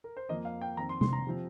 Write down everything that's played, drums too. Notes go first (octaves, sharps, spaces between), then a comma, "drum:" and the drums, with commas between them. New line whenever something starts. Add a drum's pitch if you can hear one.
A#4
C5
F2 F3 A#3 D#5
F5
G5
F2 D#3 C4 A#5
C6
C6, drum: tom
A#5
C3 F3 C4